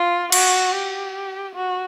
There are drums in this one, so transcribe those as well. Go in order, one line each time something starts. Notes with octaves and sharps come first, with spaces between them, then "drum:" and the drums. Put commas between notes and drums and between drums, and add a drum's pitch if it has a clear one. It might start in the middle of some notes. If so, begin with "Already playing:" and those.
Already playing: F4
F#4, drum: cymbal
G4
F#4